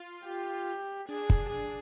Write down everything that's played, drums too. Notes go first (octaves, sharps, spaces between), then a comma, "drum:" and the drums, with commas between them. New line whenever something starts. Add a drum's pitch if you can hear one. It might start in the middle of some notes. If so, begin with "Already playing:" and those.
Already playing: F4
G4
D4 G#4
drum: kick
G#4